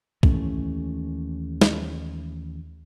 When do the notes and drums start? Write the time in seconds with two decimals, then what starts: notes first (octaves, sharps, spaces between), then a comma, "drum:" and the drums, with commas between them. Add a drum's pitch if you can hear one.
0.23 D#2 E3 A3 C#4, drum: kick
1.61 drum: snare